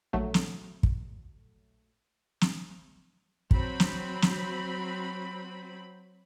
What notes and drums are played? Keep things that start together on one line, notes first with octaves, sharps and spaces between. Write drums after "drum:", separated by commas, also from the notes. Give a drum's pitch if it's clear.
A#1 F#3 A3
drum: snare
drum: kick
drum: snare
F#3 C4 B5, drum: kick
drum: snare
drum: snare